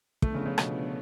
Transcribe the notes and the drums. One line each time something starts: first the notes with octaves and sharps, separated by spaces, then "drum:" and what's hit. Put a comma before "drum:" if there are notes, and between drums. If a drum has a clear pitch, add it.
D3 F3 A3 B3 D4, drum: kick
C#3
C#3
B2, drum: rim click